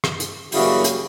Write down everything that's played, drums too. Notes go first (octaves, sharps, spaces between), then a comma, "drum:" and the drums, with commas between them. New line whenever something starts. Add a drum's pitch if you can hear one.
drum: rim click
drum: hi-hat
F#2 C#3 E3 G3 A#3 E4 F#4, drum: open hi-hat
drum: hi-hat